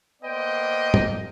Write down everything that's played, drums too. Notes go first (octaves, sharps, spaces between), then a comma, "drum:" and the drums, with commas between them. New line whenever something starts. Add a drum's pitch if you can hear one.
A#3 B3 C5 D5 D#5 G5
drum: tom